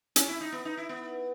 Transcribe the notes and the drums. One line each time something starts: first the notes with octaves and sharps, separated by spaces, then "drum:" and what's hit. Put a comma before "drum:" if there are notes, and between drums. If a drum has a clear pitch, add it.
C#4, drum: hi-hat
E4
D#4
B3
D#4
E4
B3